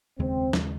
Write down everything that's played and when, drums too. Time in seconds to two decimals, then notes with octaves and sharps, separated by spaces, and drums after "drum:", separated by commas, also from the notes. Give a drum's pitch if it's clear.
0.19 F1 D#2 C#3 G#3 C4
0.53 D#2 C#3 G#3, drum: snare